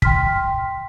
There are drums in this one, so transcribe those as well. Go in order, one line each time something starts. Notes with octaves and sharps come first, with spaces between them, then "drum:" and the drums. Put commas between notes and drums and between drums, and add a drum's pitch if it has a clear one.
G5 C6 F6 B6, drum: kick